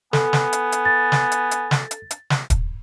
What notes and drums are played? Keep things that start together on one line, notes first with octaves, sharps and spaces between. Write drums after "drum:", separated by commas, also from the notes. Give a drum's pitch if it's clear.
B3 A4 G#5, drum: snare
drum: snare
drum: hi-hat
drum: hi-hat
A6
drum: snare
drum: hi-hat
drum: hi-hat
drum: snare
drum: hi-hat
drum: hi-hat
drum: snare
drum: kick, hi-hat